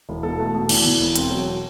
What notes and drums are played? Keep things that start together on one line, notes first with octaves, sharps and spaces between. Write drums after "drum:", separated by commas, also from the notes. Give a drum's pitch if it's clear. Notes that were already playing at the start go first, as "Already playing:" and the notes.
E1
B2 A4
A3
B2
E2, drum: cymbal
E2
E1
C4, drum: hi-hat
F#3